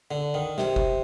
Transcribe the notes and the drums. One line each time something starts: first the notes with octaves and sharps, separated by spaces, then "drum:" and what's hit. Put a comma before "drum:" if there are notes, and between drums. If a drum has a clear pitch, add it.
D3
D#3
C3, drum: snare
drum: kick